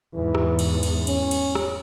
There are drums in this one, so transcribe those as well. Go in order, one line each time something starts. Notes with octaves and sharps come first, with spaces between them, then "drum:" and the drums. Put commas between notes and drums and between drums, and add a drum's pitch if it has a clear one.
E2 G#2 E3
drum: rim click
drum: cymbal
drum: cymbal
C#4, drum: cymbal
drum: cymbal
drum: rim click